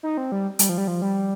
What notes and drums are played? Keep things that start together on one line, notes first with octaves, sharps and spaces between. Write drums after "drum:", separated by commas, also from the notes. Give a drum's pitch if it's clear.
D#4
C4
G3
G3, drum: hi-hat
F3
G3
F3
G3